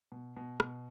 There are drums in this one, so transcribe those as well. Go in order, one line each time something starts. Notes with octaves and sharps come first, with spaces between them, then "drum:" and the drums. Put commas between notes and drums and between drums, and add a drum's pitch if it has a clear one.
B2
B2
B2, drum: rim click